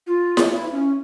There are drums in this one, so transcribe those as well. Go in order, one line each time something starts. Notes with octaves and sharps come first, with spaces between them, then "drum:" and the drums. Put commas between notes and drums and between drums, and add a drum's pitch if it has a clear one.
F4
drum: snare E4
E4
C#4